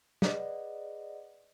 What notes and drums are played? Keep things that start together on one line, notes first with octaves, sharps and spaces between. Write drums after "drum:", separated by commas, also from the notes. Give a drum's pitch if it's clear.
G#4 B4 D5 D#5 F#5, drum: snare